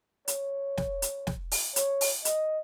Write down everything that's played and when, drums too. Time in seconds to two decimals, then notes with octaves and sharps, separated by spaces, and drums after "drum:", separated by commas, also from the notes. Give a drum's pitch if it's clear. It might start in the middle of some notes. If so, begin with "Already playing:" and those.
0.28 C#5, drum: hi-hat
0.78 drum: snare
1.02 drum: hi-hat
1.27 drum: snare
1.51 drum: open hi-hat
1.76 C#5, drum: hi-hat
2.01 drum: open hi-hat
2.25 D#5, drum: hi-hat